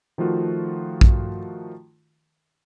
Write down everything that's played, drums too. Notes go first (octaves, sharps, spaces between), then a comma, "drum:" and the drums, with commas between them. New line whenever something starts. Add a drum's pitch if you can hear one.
D#3 F3 A3 F4 F#4
drum: kick A#1